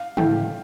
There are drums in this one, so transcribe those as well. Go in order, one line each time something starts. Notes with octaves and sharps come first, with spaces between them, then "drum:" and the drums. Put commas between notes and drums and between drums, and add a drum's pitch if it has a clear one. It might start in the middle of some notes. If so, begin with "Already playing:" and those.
Already playing: F5
A2 G5, drum: tom